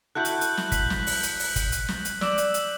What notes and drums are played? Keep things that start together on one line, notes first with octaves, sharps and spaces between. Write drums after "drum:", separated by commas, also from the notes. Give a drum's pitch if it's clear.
E4 F#4 A4 F#6 G6 F#7
drum: hi-hat
drum: hi-hat
drum: snare
B6 F#7, drum: kick, hi-hat
drum: snare
drum: open hi-hat
drum: hi-hat
drum: open hi-hat
drum: kick, hi-hat
drum: hi-hat
drum: snare
drum: hi-hat
D5 E6 E7 F#7, drum: snare
drum: hi-hat
drum: hi-hat